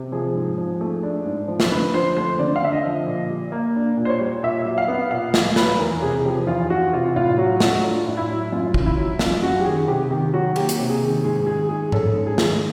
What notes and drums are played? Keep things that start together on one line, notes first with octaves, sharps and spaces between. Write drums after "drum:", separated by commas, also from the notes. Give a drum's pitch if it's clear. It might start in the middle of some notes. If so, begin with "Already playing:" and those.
Already playing: C3
F3 G#4
G#2
F3
A3
D4
G#2
F3
drum: snare
D3 B4
F3 C5
A3 C5
D3 D5
F5
D3 E5
D#5
F3
A#2
G3
A#3
D4
A#2
C5
C#5
G3
A#2 E5
F#3
F5
B3
A#2 F5
A#2 F5, drum: snare
F#3 B4, drum: snare
E2 A#4
C3 G#4
F3 G4
E2 F4
E2 F#4
C3 F4
A2 F4
F#3 F#4
A3 F#4, drum: snare
D4 F4
A2
E4
F#3
F#2 F4
D#3, drum: kick
E4
F#3
F#2 F4, drum: snare
F#2 F#4
G4
D#3 G#4
C3 G4
D#3 G4
F#3 F#4
A#3 G4, drum: cymbal
drum: hi-hat
C3
G#4
D#3
G#2 G#4
D#3 G#4
G#3 G#4
C#4 A4, drum: tom G#2
G#2
G#4
D#3, drum: snare